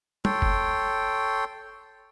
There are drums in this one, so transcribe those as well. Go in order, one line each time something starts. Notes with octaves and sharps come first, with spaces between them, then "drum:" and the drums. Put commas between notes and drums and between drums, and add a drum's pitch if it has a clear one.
A4 C#5 G5 C6, drum: tom
drum: kick F#1